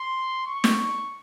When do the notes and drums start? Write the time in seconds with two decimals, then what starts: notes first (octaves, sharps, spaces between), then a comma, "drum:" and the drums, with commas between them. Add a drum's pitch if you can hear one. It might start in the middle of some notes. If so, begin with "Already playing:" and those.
Already playing: C6
0.46 C#6
0.64 drum: snare